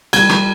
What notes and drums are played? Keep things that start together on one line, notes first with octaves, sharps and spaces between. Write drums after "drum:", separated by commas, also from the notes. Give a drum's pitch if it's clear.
G3 G#6, drum: cymbal
drum: rim click